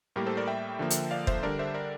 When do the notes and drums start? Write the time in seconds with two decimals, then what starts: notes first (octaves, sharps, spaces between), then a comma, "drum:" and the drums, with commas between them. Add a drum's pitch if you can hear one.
0.16 A2 G3 A#3 G4 A#4
0.26 A4 C5
0.37 A#4 D5
0.47 E5 G5
0.79 D3 F3 A#3
0.91 drum: hi-hat
1.11 D5 F5
1.27 C5 E5, drum: kick
1.43 D3 G3 D4 A#4 D5
1.59 C5 E5
1.74 A#4 D5